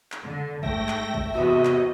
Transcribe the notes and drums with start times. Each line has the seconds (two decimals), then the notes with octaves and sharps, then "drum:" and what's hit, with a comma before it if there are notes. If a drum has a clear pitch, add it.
0.12 drum: clap
0.24 D3
0.63 G#2 A3 E5 G5 A#6, drum: kick
0.88 drum: clap
1.14 drum: kick
1.34 E2 C3 B3 F#4 D#5
1.65 drum: clap